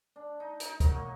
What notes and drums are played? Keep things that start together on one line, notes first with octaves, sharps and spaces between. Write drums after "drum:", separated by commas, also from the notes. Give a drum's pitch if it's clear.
D4
D#4
D#4, drum: hi-hat
F#2, drum: kick, hi-hat
A#3